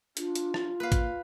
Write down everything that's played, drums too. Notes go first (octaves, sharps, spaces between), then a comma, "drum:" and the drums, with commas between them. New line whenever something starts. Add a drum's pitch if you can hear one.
D4 F4, drum: hi-hat
drum: hi-hat
drum: rim click
A#3 B4 F5
drum: kick, hi-hat